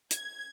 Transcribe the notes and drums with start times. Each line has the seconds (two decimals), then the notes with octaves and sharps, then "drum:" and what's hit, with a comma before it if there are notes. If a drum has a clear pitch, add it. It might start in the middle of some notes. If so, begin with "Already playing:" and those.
0.11 G#6, drum: hi-hat